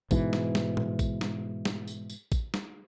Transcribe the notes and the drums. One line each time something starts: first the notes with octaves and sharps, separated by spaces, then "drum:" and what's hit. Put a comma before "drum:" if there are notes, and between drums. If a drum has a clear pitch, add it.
G#2 B2 E3, drum: kick A1, tambourine
drum: snare
drum: snare
drum: tom A2
drum: kick A1, tambourine
drum: snare
drum: snare
drum: tambourine
drum: tambourine
drum: kick A1, tambourine
drum: snare